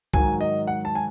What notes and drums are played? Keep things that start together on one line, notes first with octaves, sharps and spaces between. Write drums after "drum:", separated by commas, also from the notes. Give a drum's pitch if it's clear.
G#2 D#3 F#3 G#5, drum: kick C2
D#5
F#5
A5
G#5